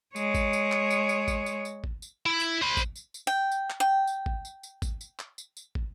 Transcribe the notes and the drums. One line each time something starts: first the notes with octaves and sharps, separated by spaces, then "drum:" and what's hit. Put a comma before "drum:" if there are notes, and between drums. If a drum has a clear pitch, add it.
G#3 C#5, drum: tambourine
drum: kick, tambourine
drum: tambourine
drum: clap
drum: tambourine
drum: tambourine
drum: kick, tambourine
drum: tambourine
drum: tambourine
drum: kick
drum: tambourine
E4
drum: tambourine
C5 B5
drum: kick, tambourine
drum: tambourine
drum: tambourine
G5
drum: tambourine
drum: clap
G5
drum: tambourine
drum: kick
drum: tambourine
drum: tambourine
drum: kick, tambourine
drum: tambourine
drum: clap
drum: tambourine
drum: tambourine
drum: kick